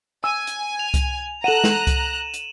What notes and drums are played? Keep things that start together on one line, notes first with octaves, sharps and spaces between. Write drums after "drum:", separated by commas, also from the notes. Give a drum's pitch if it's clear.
G#5 E6
drum: hi-hat
F7
drum: kick C2, hi-hat
A4 F#5 A#5 F#6 D#7 E7 F#7
drum: snare
drum: kick C2, hi-hat
drum: hi-hat